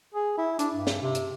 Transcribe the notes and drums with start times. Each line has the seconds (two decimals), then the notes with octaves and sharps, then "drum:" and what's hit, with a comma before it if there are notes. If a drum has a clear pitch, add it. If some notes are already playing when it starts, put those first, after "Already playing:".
0.14 G#4
0.38 E4
0.59 D4, drum: hi-hat
0.74 G2
0.87 drum: snare
1.02 C3
1.15 drum: hi-hat